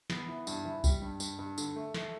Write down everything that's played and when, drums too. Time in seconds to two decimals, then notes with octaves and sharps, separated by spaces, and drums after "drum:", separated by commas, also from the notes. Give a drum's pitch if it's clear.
0.10 B3, drum: snare
0.28 E3
0.47 G2, drum: tambourine
0.65 E3
0.84 G3, drum: kick C2, tambourine
1.02 G2
1.20 G2, drum: tambourine
1.39 G2
1.58 D3, drum: tambourine
1.76 A3
1.94 A3, drum: snare